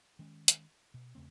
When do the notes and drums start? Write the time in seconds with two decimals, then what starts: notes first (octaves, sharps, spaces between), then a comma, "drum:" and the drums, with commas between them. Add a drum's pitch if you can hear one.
0.19 D#3 G#3 C#4
0.48 drum: hi-hat
0.94 B2
1.15 E2 C#3 A3 C4